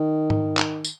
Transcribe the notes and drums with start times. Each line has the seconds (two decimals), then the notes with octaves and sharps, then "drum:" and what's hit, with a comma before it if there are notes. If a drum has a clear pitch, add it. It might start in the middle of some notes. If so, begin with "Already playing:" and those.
Already playing: D#3
0.30 drum: tom G#2
0.57 drum: clap
0.84 drum: tambourine